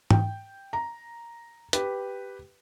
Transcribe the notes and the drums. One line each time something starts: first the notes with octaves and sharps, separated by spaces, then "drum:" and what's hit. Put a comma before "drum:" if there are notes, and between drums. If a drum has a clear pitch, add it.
G5, drum: tom G#2
A#5
G4 B4, drum: hi-hat